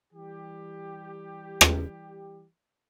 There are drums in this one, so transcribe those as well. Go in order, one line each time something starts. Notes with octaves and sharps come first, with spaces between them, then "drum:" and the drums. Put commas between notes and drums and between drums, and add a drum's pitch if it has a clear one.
E3 G3 G4
drum: rim click